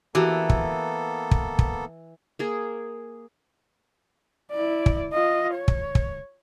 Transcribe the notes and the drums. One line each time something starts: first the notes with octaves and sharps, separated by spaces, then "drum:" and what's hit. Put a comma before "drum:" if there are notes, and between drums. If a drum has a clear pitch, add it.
E3 A#3 B3 F#4 G4 A4
drum: kick
drum: kick
drum: kick
A#3 G#4
E4 D5
drum: kick
F4 D#5
C#5
drum: kick
drum: kick